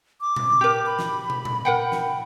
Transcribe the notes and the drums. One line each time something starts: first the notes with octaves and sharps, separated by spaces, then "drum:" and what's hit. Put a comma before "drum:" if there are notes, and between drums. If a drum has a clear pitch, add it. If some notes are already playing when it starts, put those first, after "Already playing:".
D6
drum: tom A#2
G4 A#4
B5
drum: snare
drum: tom
drum: tom A#2
A#4 F#5 G5
drum: snare